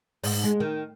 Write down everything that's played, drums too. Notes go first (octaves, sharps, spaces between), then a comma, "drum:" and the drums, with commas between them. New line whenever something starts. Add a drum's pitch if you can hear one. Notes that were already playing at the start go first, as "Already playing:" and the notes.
G#2, drum: open hi-hat
G#3
D#3